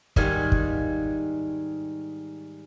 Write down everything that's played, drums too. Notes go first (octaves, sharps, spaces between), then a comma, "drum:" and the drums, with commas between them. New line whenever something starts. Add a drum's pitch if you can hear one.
G#2 D#3 G3 F5 F#5 G#5, drum: kick
drum: kick